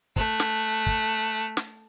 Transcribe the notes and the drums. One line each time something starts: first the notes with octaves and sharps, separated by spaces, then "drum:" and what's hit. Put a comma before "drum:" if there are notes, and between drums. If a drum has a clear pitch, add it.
A3 F#6, drum: kick
drum: snare
drum: kick
drum: snare